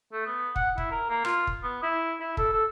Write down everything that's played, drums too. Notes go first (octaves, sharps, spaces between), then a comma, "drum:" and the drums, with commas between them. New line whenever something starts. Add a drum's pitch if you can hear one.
A3
B3
F#5, drum: kick
E4, drum: kick
A#4
A#3
F4, drum: rim click
drum: kick
B3
E4
E4
A4, drum: kick
A4